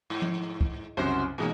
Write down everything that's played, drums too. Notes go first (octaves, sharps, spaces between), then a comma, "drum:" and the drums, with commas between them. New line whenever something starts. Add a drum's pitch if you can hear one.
G#2
drum: tom F3
drum: kick
C2 F#2 C#3 C#4 F#4 C5
B2 E3 G#3 A#3 C#4 D#4